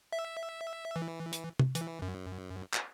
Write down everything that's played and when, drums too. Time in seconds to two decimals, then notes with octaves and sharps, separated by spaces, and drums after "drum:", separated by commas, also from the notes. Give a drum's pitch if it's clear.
0.13 E5
0.96 E3
1.33 drum: hi-hat
1.59 drum: tom
1.75 E3, drum: hi-hat
2.02 F#2
2.74 drum: clap